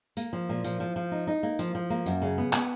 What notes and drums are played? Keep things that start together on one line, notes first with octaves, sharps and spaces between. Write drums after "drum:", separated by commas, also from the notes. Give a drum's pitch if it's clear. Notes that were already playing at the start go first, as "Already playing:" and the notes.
A#3, drum: tambourine
F3
A#2
F3, drum: tambourine
F3
F3
D#4
D#4
A#3
F3, drum: tambourine
F3
A#3
F#2, drum: tambourine
C#3
B3
B3, drum: clap